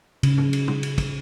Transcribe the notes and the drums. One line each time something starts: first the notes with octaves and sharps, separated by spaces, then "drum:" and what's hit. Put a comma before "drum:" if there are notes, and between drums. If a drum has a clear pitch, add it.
C#3, drum: cymbal
drum: tom G#2
drum: cymbal
drum: tom
drum: cymbal
drum: kick, cymbal